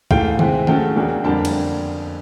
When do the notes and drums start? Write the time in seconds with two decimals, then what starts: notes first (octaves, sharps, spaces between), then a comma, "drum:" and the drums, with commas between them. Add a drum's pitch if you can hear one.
0.11 G#2 E3 A3 F5 G5, drum: kick
0.39 C3 E3 G#3 C4, drum: tom D#3
0.67 C#3 F#3 A3 C#4 G5 A5, drum: tom D#3
0.96 E2 C#3 F#3 A#3 D4
1.24 F2 D3 G3 A#3 D4 G5 A5
1.45 drum: cymbal